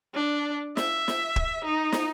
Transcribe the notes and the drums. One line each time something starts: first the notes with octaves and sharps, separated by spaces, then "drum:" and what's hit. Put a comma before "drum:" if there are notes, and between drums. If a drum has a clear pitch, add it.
D4
E5, drum: snare
drum: snare
drum: kick
D#4
drum: snare